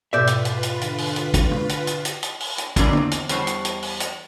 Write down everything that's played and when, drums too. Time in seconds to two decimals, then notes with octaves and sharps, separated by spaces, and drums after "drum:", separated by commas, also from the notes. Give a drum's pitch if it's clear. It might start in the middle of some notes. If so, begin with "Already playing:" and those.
0.13 G#2 B2 F4 B4 D5 E5 G6
0.27 drum: hi-hat
0.45 drum: hi-hat
0.63 drum: hi-hat
0.81 D3, drum: hi-hat
0.98 drum: open hi-hat
1.16 drum: hi-hat
1.34 drum: kick, hi-hat
1.52 drum: tom C3
1.69 drum: hi-hat
1.87 drum: hi-hat
2.05 drum: hi-hat
2.23 drum: hi-hat
2.40 drum: open hi-hat
2.58 drum: hi-hat
2.76 B2 D3 C#4 F4 A#4 D5, drum: kick, hi-hat
2.93 E2 C4, drum: tom
3.11 drum: hi-hat
3.29 E2 G3 C5 C#5 F#5 A5, drum: hi-hat
3.47 drum: hi-hat
3.65 drum: hi-hat
3.82 drum: open hi-hat
4.00 drum: hi-hat